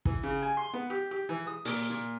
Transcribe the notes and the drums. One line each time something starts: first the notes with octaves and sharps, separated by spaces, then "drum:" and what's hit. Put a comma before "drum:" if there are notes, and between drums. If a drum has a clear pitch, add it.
E3, drum: kick
C#3
G#5
C6
B3
G4
G4
E3
D#6
A#2, drum: open hi-hat
A#2